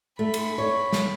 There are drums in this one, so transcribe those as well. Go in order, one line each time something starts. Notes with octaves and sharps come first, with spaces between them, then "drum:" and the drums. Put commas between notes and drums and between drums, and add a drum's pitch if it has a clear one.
A3 B5
drum: cymbal
C#5
drum: snare